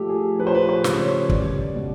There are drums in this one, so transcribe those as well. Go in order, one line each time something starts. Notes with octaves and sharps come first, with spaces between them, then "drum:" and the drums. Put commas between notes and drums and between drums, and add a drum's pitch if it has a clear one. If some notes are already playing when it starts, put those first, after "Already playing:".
Already playing: F3 A3 G4
G#4
F3 B4
C5
B4
C5
C#3, drum: snare
C#5
G3 D5, drum: kick
B2